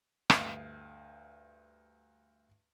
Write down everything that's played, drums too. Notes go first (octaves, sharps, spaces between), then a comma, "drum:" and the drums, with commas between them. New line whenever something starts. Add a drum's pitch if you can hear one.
D2 G2 D#5 F5, drum: rim click